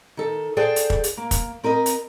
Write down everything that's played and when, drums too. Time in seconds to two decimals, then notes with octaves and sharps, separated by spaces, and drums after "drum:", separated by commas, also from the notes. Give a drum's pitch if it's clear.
0.17 D#3 A4
0.57 G#4 A4 C5 D5 F#5 G5
0.76 drum: hi-hat
0.90 drum: kick
1.04 drum: hi-hat
1.17 A#3
1.31 drum: kick, hi-hat
1.63 C4 A#4 B4 D#5
1.86 drum: hi-hat